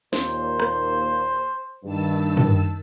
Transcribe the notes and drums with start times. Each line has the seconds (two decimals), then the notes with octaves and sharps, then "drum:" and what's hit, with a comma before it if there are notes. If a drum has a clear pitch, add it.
0.13 D#2 A#2 C5, drum: snare
0.60 drum: rim click
1.84 G2 D#3 A5 E6
2.37 drum: tom